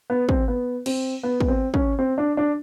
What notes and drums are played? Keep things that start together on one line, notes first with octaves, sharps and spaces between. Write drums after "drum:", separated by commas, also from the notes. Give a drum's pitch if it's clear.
B3
C4, drum: kick
B3
C4, drum: cymbal
B3
B3, drum: kick
C4
C#4, drum: kick
C4
D4
D4